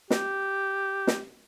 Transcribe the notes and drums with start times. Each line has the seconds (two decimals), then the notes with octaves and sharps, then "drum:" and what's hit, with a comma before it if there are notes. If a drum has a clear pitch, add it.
0.10 G4, drum: snare
1.07 drum: snare